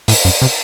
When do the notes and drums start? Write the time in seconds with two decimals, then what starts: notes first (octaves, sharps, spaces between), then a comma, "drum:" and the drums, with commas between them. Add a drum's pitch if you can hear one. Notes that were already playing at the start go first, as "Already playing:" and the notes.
0.08 A2, drum: open hi-hat
0.25 F#2
0.42 C3